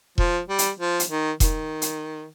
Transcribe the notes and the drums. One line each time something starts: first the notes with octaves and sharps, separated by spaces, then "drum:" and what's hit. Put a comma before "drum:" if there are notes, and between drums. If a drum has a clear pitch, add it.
F3, drum: kick E1
G3
drum: hi-hat
F3
drum: hi-hat
D#3
D#3, drum: kick E1, hi-hat
drum: hi-hat